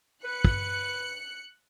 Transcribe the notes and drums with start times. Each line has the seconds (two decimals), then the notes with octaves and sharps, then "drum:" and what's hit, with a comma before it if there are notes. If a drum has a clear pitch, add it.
0.24 B4 F#6 C#7
0.45 drum: kick